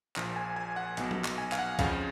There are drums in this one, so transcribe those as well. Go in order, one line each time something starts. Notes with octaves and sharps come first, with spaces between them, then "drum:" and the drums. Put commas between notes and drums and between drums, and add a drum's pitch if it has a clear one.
A#1 A#2 F3, drum: clap
G#5
G#5
F#5
B1 B2, drum: hi-hat
drum: tom F3
drum: clap
G#5
F5, drum: clap
F#5
F2 C#3 F3 F5, drum: kick, hi-hat